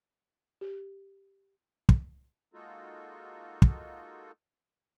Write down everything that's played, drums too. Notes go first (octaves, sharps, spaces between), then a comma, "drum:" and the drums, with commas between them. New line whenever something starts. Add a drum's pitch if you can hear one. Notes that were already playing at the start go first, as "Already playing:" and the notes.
G4
drum: kick
G#3 A#3 D#4 F4 F#4 A4
drum: kick